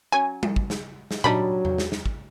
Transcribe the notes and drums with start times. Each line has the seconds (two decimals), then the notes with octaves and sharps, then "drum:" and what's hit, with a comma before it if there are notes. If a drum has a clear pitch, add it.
0.12 F#3 C#4 G#5
0.43 drum: tom G3
0.56 drum: kick
0.70 drum: snare
1.11 drum: snare
1.24 F#3 G3 D4 D#4 B5, drum: tom A#2
1.65 drum: tom E2
1.78 drum: snare
1.92 drum: snare
2.06 drum: kick